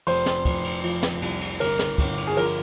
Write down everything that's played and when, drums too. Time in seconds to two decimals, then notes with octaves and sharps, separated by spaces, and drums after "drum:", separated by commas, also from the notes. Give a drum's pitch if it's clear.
0.07 F1 C5, drum: cymbal
0.26 drum: snare
0.45 F1, drum: kick, cymbal
0.64 drum: cymbal
0.84 F3, drum: cymbal
1.03 drum: snare
1.22 C2, drum: cymbal
1.41 drum: cymbal
1.60 G1 A#4, drum: cymbal
1.79 drum: snare
1.98 G1, drum: kick, cymbal
2.18 drum: cymbal
2.27 G#4
2.37 F3 A#4, drum: cymbal